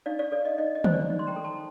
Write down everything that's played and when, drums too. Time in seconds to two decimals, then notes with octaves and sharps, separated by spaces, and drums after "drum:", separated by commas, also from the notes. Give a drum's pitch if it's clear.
0.06 D#4 D5 F5
0.19 D5 F5
0.32 A4 D5
0.45 D#5
0.58 D#4 D#5
0.75 D#5
0.84 C5, drum: tom
0.93 D5
1.10 D#4
1.19 C6
1.27 G5 A#5
1.36 A4
1.44 A5 C6